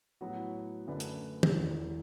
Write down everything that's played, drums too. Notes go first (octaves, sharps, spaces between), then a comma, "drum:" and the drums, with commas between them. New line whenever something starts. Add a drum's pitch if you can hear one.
A2 F#3 B3 F#4
F#2 D3 A3 D4 B4
drum: hi-hat
drum: tom
E1 E2 E3